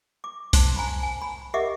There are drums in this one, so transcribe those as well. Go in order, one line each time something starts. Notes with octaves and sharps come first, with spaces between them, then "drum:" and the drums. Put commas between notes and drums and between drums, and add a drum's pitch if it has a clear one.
D6
C5 A5 C6, drum: kick C2, open hi-hat
G#5 A#5 B5
G#5
B5
G4 A#4 D#5 E5 F#5 D6